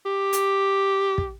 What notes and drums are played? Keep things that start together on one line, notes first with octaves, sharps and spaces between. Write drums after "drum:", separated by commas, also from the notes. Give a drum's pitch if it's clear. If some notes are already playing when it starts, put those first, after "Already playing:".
G4
drum: hi-hat
drum: kick